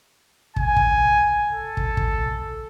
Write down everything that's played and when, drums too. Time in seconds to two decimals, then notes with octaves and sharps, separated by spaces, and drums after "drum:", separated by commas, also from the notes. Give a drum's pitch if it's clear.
0.56 G#5, drum: kick
0.76 drum: kick
1.52 A4
1.77 drum: kick
1.97 drum: kick